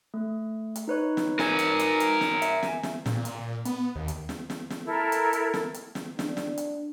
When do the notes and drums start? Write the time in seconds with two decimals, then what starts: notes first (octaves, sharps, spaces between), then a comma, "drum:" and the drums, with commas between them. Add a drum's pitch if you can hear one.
0.14 A3
0.76 drum: hi-hat
0.88 D#4 B4 C#5
1.17 drum: snare
1.39 A#4 G#5, drum: snare
1.59 drum: hi-hat
1.79 drum: hi-hat
2.00 drum: hi-hat
2.21 drum: snare
2.42 E5, drum: hi-hat
2.63 drum: snare
2.83 drum: snare
3.06 A#2, drum: snare
3.25 drum: hi-hat
3.40 A#2
3.65 B3, drum: hi-hat
3.95 D#2
4.08 drum: hi-hat
4.29 drum: snare
4.50 drum: snare
4.70 drum: snare
4.85 E4 A4 A#4
5.12 drum: hi-hat
5.33 drum: hi-hat
5.54 drum: snare
5.74 drum: hi-hat
5.95 drum: snare
6.19 D4, drum: snare
6.37 drum: snare
6.58 drum: hi-hat